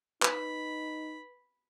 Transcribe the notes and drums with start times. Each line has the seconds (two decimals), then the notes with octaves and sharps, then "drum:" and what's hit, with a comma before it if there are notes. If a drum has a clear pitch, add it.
0.22 D#4 B4 B5, drum: clap